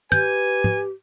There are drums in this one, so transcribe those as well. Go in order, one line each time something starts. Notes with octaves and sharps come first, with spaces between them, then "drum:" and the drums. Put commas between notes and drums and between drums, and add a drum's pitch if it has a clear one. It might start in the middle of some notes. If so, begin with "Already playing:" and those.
G4 B4 G#5 G6, drum: tom
drum: tom